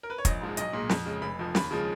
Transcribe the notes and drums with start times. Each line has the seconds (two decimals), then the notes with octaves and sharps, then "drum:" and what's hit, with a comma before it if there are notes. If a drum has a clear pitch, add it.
0.03 A#4
0.10 B4
0.18 C#5
0.25 A#1 D#5, drum: kick, hi-hat
0.41 G#2 F3 G#3
0.57 B1 D#5, drum: hi-hat
0.73 A#2 G#3
0.89 F2, drum: snare
1.06 C#3 G#3
1.22 F1 B5
1.39 F2 F3
1.55 D#2 B5, drum: snare
1.71 C#3 F3 G#3